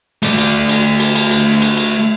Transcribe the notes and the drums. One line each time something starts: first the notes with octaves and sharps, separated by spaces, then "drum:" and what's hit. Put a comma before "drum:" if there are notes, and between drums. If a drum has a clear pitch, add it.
A3 D5, drum: cymbal
drum: cymbal
drum: cymbal
drum: cymbal
drum: cymbal
drum: cymbal
drum: cymbal
drum: cymbal